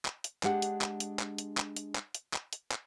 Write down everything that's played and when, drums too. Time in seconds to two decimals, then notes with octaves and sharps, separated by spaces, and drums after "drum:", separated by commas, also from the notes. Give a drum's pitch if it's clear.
0.05 drum: clap
0.24 drum: hi-hat
0.43 G#3 D4 G4 F#5, drum: clap
0.62 drum: hi-hat
0.81 drum: clap
1.00 drum: hi-hat
1.19 drum: clap
1.38 drum: hi-hat
1.57 drum: clap
1.76 drum: hi-hat
1.96 drum: clap
2.15 drum: hi-hat
2.34 drum: clap
2.53 drum: hi-hat
2.72 drum: clap